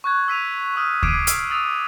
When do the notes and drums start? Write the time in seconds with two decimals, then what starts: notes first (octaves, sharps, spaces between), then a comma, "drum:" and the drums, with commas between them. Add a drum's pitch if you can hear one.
0.04 C#6 F#6 G#6
0.28 E6 B6 D#7 F7
0.76 C#6 D#6 F6
1.03 D6 G#6 C7 D7 D#7, drum: kick D2
1.27 E6 F6, drum: hi-hat
1.50 D#6 E6 A6 F7